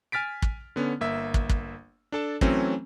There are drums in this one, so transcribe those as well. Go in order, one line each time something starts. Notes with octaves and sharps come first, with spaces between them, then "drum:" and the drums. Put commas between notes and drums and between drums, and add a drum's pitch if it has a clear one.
G#5 F6 A6 B6 D7
drum: kick
D3 B3 C#4
G1 A#3 E5
drum: kick
drum: kick
D4 A4 A5
E3 F#3 A3 C4 C#4, drum: kick